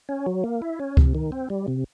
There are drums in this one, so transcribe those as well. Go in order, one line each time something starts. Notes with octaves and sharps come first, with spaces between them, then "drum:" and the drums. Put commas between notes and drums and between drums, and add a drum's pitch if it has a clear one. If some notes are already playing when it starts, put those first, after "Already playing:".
C#4
F#3
A#3
E4
C#4
C3, drum: kick C#2
D#3
C4
G3
C3